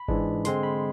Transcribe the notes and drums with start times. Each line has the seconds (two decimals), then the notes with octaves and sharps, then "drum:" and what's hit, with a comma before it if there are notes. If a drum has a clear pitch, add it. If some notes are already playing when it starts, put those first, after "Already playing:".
Already playing: B5
0.08 G#2 E3 G#3 D4, drum: kick G1
0.45 D3 G#3 C4 C6, drum: hi-hat
0.63 B5